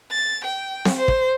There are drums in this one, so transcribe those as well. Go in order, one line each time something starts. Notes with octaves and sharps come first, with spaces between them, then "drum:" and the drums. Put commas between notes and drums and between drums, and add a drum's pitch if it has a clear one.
A6
G5
drum: snare C4
C5
drum: kick